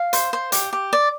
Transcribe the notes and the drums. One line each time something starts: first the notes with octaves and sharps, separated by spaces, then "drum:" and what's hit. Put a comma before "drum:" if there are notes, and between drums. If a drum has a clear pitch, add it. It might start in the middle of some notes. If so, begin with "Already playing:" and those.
Already playing: F5
C5, drum: hi-hat
C5
G4, drum: hi-hat
G4
D5